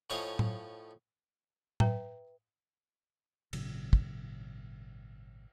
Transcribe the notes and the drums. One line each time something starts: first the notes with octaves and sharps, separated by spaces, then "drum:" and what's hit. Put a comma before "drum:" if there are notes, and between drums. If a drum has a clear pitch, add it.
A2 F3 C#5 D#5 F5 G#5
drum: tom A2
B4 E5 G5 A#5, drum: tom A2
G#1 A#2 C#3 F#3, drum: cymbal
drum: kick